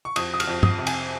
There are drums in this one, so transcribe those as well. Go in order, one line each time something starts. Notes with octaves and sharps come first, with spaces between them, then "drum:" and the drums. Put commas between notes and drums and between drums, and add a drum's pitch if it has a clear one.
C#6
F2 D#6, drum: cymbal
D#6
F6, drum: cymbal
F2
D#6, drum: tom
C3
G#5, drum: cymbal